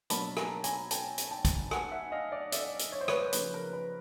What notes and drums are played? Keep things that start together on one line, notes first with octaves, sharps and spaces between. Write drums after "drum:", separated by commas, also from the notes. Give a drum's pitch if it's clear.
B2 F#3 A#3 D4 A5 B5, drum: hi-hat
G#5 A#5, drum: rim click
G#5 A#5, drum: hi-hat
G5 A5, drum: hi-hat
drum: hi-hat
G5 A5
drum: kick, hi-hat
F#5 G#5, drum: rim click
E5 F#5
D#5 F5
D5 E5
D5 E5, drum: hi-hat
drum: hi-hat
C#5
C5
B4 C#5, drum: rim click
C#3 F3 A#3 C#4 B4, drum: hi-hat
A#4
B4